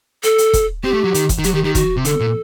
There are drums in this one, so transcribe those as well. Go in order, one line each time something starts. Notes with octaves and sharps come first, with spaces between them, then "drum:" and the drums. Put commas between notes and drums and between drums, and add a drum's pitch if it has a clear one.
A4, drum: hi-hat
drum: hi-hat
drum: kick E1, hi-hat
C4 G4
A3
F#3
D#3, drum: hi-hat
drum: kick E1, hi-hat
D#3
F#3 G4, drum: hi-hat
D#3 G4
D#3 G4
F#4, drum: kick E1, hi-hat
C3
D3 A4, drum: hi-hat
A#2